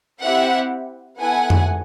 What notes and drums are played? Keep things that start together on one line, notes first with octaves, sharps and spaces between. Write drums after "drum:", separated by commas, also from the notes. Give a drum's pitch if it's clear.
C4 E4 G4 E5 F#5
B3 E4 A4 F#5 G#5
drum: tom F2